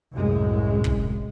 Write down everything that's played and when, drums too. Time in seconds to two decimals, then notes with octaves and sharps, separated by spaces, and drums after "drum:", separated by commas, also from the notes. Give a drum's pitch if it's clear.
0.14 C2 F#2 A2 G#3
0.84 drum: kick